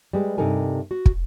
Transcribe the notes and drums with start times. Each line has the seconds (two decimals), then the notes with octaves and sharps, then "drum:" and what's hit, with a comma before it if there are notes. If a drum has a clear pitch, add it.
0.13 G3 G#3 B4
0.38 G2 C3 D#4 A4 A#4 G#5
0.91 F#4
1.06 drum: kick